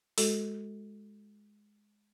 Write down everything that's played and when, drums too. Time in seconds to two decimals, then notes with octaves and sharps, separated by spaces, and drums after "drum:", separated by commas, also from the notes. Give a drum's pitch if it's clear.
0.18 G#3 F#4 A4, drum: open hi-hat